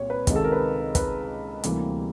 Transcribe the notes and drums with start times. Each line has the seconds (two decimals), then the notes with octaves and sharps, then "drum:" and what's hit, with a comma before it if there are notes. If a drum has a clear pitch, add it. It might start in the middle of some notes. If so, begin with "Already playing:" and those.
Already playing: C2 A#2 C#5
0.10 B4
0.27 C#2 C3 D#3, drum: kick, hi-hat
0.36 A4
0.44 A#4
0.52 B4
0.95 B4, drum: kick, hi-hat
1.64 D2 C3 E3 G3 A#3, drum: hi-hat